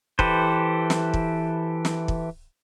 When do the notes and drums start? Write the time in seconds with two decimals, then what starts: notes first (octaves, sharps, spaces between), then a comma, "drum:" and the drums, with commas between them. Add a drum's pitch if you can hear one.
0.19 E3 G4 A4 B4 C5, drum: kick
0.90 drum: snare
1.14 drum: kick
1.85 drum: snare
2.08 drum: kick